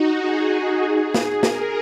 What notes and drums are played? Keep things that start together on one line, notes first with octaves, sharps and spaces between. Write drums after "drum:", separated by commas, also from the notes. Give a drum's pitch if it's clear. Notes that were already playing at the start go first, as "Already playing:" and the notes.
Already playing: D#4 F#4
G#4
drum: snare
A#4, drum: snare